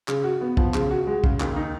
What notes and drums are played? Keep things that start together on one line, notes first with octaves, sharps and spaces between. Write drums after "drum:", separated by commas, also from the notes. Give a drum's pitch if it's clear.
C#3, drum: clap
F#4
B3
F3, drum: kick
C#3, drum: clap
F#4
G#3
C#3, drum: kick
D#2, drum: clap
D#4